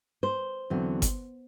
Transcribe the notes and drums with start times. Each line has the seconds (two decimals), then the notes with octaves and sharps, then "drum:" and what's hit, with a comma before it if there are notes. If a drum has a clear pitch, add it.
0.23 C5
0.70 E2 D3 F#3 C4
1.02 drum: kick G1, hi-hat